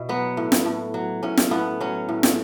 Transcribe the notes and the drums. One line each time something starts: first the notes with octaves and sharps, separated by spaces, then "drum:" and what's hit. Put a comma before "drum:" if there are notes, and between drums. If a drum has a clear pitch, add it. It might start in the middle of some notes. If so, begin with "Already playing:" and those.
Already playing: B2 E4
F#3 B3
A2
drum: snare
A2
F#3
A2 C#4
drum: snare
A2 B3
F#3 C#4
A2
drum: snare